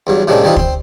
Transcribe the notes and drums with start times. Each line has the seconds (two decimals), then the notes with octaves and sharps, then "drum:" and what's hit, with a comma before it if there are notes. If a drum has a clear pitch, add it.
0.07 E2 G2 F#3
0.27 A2 C3 G#3 A#3 C#4 D4
0.44 E3 G3 A3 C4 D#4 F4
0.56 C4 C6, drum: kick